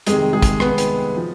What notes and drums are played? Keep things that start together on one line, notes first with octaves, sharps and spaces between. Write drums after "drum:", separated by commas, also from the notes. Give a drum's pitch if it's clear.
F2 C3 D#3 G#3 G#4, drum: hi-hat
G#3 G#4
drum: kick, hi-hat
B3 B4, drum: rim click
drum: hi-hat
F3